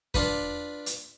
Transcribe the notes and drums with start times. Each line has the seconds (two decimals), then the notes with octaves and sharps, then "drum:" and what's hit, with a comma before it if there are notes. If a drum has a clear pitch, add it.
0.14 D4 F4 B4, drum: kick F2
0.86 drum: hi-hat